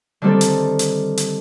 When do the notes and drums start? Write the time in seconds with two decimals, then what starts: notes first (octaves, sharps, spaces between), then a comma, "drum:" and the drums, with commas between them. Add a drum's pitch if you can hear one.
0.22 D3 D#3 G3 C4 A4
0.41 drum: hi-hat
0.79 drum: hi-hat
1.17 drum: hi-hat